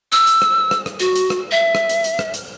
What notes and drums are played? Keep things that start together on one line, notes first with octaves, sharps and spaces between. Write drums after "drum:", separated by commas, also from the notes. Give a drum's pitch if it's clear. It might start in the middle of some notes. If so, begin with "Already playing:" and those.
E6, drum: hi-hat
drum: hi-hat
drum: rim click
drum: rim click
drum: rim click
F#4, drum: hi-hat
drum: hi-hat
drum: rim click
E5
drum: rim click
drum: hi-hat
drum: hi-hat
drum: rim click
drum: hi-hat